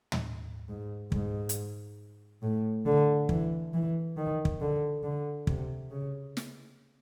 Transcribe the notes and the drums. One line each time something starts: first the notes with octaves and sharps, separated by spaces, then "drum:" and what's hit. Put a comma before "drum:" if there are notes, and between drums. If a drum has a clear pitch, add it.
drum: tom
G#2
G#2, drum: kick
drum: hi-hat
A2
D3
E3, drum: kick
E3
D#3
drum: kick
D3
D3
C3, drum: kick
C#3
drum: snare